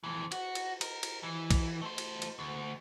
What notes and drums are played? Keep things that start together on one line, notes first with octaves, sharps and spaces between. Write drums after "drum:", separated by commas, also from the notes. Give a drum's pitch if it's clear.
F2 E3
F#4, drum: cymbal
drum: cymbal
A#4, drum: cymbal
drum: cymbal
E3
drum: kick B1, cymbal
A3 C5
drum: cymbal
drum: cymbal
D2